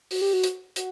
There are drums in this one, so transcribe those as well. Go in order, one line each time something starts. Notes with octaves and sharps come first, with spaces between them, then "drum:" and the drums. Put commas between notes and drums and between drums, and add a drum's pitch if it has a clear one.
F#4, drum: open hi-hat
G4
F#4
drum: hi-hat
F#4, drum: hi-hat